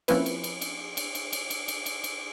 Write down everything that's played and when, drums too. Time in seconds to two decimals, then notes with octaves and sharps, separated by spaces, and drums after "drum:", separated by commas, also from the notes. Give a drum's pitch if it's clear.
0.08 F3 A#3 C4 C#4 E4 B4, drum: cymbal
0.26 drum: cymbal
0.44 drum: cymbal
0.61 drum: cymbal
0.97 drum: cymbal
1.15 drum: cymbal
1.33 drum: cymbal
1.50 drum: cymbal
1.68 drum: cymbal
1.86 drum: cymbal
2.04 drum: cymbal